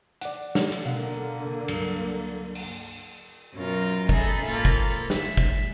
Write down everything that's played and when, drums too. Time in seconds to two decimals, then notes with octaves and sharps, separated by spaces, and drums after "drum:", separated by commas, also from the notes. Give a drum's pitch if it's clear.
0.21 D5 F#5, drum: hi-hat
0.55 drum: snare
0.72 drum: cymbal
0.85 B2 D3 A#3 F5 F#5
1.68 C#2 G2 F#3, drum: cymbal
2.55 drum: open hi-hat
3.55 F#2 B2 F4 A#4
4.09 D#4 G#4 A4 E5 B5, drum: kick
4.45 G#2 A#3 F4 A4 B5
4.65 drum: kick
5.10 G#3 E5, drum: snare
5.37 drum: kick